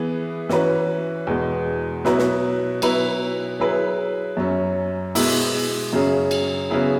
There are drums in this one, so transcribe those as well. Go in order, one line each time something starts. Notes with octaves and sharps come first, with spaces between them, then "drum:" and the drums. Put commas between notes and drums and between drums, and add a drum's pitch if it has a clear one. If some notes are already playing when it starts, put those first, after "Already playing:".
Already playing: E3 B3 G#4
E3 C#4 F#4 B4, drum: snare
E2 B2 G#3
B2 F#3 E4 B4, drum: snare
drum: snare
B2 F#3 E4 B4, drum: cymbal
F#3 E4 G#4 B4
F#2 F#3 C#4
B2 G#3 B3 E4, drum: open hi-hat
F#2 C#3 F#3 C#4 G#4
drum: cymbal
C#3 F#3 B3 E4 G#4